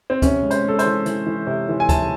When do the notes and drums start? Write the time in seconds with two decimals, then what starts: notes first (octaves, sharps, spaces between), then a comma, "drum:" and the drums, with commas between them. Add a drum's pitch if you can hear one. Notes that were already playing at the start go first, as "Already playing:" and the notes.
0.10 C4
0.22 C3 C#4, drum: kick, hi-hat
0.43 G#3
0.51 C5, drum: hi-hat
0.65 G#3 A4
0.79 C5, drum: hi-hat
0.85 E3
1.06 E3, drum: hi-hat
1.26 E3
1.47 C3
1.69 E3
1.80 G#5
1.89 C3 A5, drum: kick, hi-hat